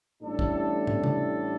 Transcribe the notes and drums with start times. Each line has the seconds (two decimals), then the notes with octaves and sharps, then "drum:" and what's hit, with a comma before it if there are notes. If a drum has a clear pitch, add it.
0.23 A1 A2 G3 D4 A4
0.39 drum: kick
0.87 drum: tom
1.04 drum: tom